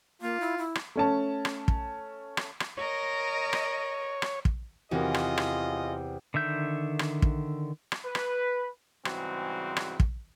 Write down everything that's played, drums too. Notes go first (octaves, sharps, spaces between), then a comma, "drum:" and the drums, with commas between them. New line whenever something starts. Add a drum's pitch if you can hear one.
A#3 F4
E4
E4
drum: rim click
A3 C#4 A5
drum: rim click
drum: kick
drum: rim click
drum: rim click
A#4 C#5 D#5
drum: rim click
drum: rim click
drum: kick
E2 C3 F4 F#4 G#4 A#4 D#5
drum: rim click
drum: rim click
D3 D#3 E5 G6
drum: rim click
drum: kick
drum: rim click
B4
drum: rim click
G#2 C#3 E3 G3 C4 F#4, drum: rim click
drum: rim click
drum: kick